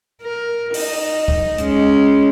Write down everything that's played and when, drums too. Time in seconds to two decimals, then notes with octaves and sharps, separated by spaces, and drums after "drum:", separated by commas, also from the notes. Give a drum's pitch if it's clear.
0.22 A#4
0.74 D#4, drum: open hi-hat
1.28 drum: kick
1.58 G#3 C#4, drum: hi-hat